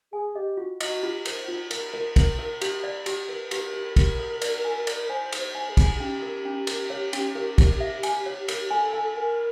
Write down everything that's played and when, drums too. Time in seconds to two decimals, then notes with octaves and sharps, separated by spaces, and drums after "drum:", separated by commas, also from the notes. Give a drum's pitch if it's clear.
0.12 G#4 G#5
0.35 G4 D#5
0.57 F4 F#4
0.81 F#4 D#5, drum: cymbal
1.03 F4 G4
1.25 A#4 C5, drum: cymbal
1.48 F4
1.71 A#4, drum: cymbal
1.94 A#4
2.16 A#4, drum: kick, cymbal
2.39 A#4
2.61 G4, drum: cymbal
2.84 D5
3.06 G4, drum: cymbal
3.29 A#4 B4
3.51 G4, drum: cymbal
3.59 A#4
3.74 G4
3.89 A#4
3.96 G4, drum: kick, cymbal
4.19 A4
4.42 D5, drum: cymbal
4.65 G#5
4.87 D5, drum: cymbal
5.09 C5 G#5
5.32 A4, drum: cymbal
5.40 C5
5.55 G#5
5.70 G#4
5.77 G#5, drum: kick, cymbal
6.00 C#4 G4
6.22 A#4
6.45 C#4
6.67 A#4, drum: cymbal
6.90 C#5
7.13 C#4, drum: cymbal
7.35 A#4
7.58 A#4, drum: kick, cymbal
7.80 E5
8.03 G#5, drum: cymbal
8.26 C#5
8.48 A#4, drum: cymbal
8.71 A4 G#5
8.93 G#5
9.16 A#4 G#5